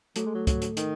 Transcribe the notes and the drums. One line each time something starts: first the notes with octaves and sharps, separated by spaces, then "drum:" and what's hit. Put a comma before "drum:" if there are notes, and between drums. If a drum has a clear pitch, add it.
F#3 A3 A4, drum: hi-hat
G#3
F#3
F#3, drum: kick, hi-hat
drum: hi-hat
D#3, drum: hi-hat